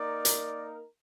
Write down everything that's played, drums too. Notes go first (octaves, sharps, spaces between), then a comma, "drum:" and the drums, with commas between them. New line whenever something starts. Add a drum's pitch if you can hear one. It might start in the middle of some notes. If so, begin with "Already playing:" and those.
Already playing: A#3 D#4 A#4 D5
drum: hi-hat